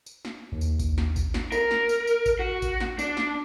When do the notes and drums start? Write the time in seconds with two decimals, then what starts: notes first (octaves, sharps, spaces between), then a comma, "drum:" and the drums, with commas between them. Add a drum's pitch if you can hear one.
0.06 drum: tambourine
0.25 drum: snare
0.52 D#2
0.61 drum: tambourine
0.79 drum: kick A1, tambourine
0.98 drum: snare
1.16 drum: kick A1, tambourine
1.34 drum: snare
1.52 A#4, drum: tambourine
1.71 drum: snare
1.89 drum: tambourine
2.07 drum: tambourine
2.26 drum: kick A1, tambourine
2.39 F#4
2.62 drum: kick A1, tambourine
2.80 drum: snare
2.99 D4, drum: tambourine
3.17 drum: snare